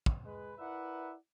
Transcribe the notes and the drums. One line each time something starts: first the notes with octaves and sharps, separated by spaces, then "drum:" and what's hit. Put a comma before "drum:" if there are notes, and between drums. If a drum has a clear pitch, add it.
drum: kick
G#3 B4
E4 A#4 B4 D5 E5 F#5